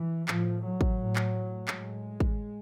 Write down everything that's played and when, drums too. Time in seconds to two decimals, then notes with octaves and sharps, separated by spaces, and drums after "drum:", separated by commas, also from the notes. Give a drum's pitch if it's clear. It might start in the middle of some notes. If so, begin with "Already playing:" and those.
Already playing: E3
0.28 A2 F3, drum: clap
0.63 F#3
0.81 drum: kick
0.98 A2
1.16 drum: clap
1.68 A2 G#3, drum: clap
2.20 drum: kick